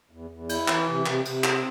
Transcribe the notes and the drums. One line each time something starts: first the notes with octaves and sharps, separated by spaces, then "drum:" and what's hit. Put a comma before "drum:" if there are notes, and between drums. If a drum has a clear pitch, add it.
E2
E2
E4, drum: cymbal
E3, drum: clap
C3
C3, drum: clap
C3, drum: cymbal
C4, drum: clap